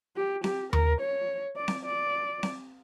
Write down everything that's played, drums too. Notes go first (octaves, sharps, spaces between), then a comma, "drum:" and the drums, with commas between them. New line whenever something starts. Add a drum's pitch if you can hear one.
G4
G4, drum: snare C4
A#4, drum: tom D#2
C#5
D5
drum: snare C4
D5
drum: snare C4